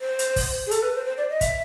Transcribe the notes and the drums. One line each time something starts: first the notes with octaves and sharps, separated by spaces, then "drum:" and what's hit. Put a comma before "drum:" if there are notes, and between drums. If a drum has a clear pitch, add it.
C5
drum: hi-hat
drum: kick, open hi-hat
G#4
A4, drum: hi-hat
B4
C5
C5
D5
D#5
E5, drum: kick, hi-hat